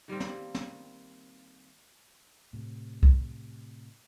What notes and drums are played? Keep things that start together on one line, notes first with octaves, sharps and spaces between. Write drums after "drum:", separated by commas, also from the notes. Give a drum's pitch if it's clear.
D#3 G3 A#3 C4
drum: snare
drum: snare
A2 C3
drum: kick